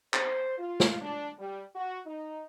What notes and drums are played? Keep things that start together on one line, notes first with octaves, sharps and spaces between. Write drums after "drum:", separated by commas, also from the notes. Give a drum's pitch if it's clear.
C5, drum: clap
F4
drum: snare
D4
G3
F#4
D#4